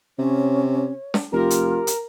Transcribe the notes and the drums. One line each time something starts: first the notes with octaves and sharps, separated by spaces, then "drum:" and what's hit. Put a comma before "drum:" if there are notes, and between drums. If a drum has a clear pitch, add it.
C3 C#4 C#5
drum: snare
F1 F4 G4 A#4
drum: hi-hat
drum: hi-hat